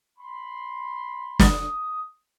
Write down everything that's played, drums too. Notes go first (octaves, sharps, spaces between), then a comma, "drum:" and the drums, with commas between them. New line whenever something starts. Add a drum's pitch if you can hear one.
B5 C6
D#6, drum: snare